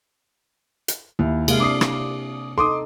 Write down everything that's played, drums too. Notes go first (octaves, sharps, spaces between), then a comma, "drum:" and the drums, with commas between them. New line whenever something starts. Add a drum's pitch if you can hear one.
drum: hi-hat
D#2 E4
C3 G#3 A#3 F5, drum: cymbal
D4 D6 D#6 C7
drum: rim click
D#4 A4 C6 D6 D#6